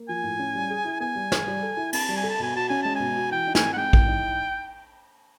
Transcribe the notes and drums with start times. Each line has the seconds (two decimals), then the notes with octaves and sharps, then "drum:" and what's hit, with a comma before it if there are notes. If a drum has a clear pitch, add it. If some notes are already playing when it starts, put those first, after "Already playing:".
Already playing: A#3
0.09 F3 G#5
0.23 A2
0.39 C#4
0.55 G3
0.70 G#4
0.85 E4
1.00 B3 G#5
1.15 G3
1.32 G#4, drum: snare
1.47 G3
1.62 A4
1.77 E4
1.93 C4 A5, drum: cymbal
2.09 G3
2.16 G#5
2.23 A4
2.29 A5
2.40 B2 G#5
2.55 F#4 A5
2.69 C#4 G#5
2.82 G#3 A5
2.95 B2 G#5
3.16 F#4
3.31 E3 G5
3.47 D#4
3.55 G#5, drum: snare
3.62 C4
3.73 F#5
3.77 G#3 G5
3.93 E3, drum: kick
4.08 D#4